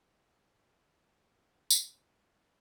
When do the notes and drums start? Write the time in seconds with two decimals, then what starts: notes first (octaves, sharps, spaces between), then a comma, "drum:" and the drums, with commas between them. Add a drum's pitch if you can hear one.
0.08 D#4
1.70 drum: tambourine
1.93 C4
2.33 C4
2.39 D#4